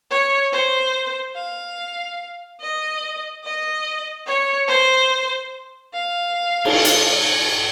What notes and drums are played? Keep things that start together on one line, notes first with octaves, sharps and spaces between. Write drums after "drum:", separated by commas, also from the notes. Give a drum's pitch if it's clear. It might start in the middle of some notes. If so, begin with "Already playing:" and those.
C#5
C5
F5
D#5
D#5
C#5
C5
F5
drum: cymbal
drum: hi-hat